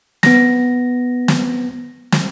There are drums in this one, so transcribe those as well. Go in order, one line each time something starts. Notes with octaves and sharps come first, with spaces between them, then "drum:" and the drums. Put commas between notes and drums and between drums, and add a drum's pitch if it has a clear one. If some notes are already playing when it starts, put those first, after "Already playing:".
B3 A#6, drum: snare
drum: snare
drum: snare